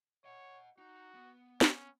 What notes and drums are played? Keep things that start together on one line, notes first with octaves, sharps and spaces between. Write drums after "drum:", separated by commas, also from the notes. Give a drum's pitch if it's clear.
C#5 D#5 F#5
D#4 F#4
B3
C#4, drum: snare